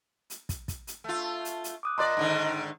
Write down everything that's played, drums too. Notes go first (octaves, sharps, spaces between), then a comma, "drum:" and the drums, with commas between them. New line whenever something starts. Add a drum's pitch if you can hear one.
drum: hi-hat
drum: kick, hi-hat
drum: kick, hi-hat
drum: hi-hat
A3 F4
drum: hi-hat
drum: hi-hat
D6 D#6 F#6
A#2 D5 D#5 A#5 C6 F#6
G#2 D3 D#3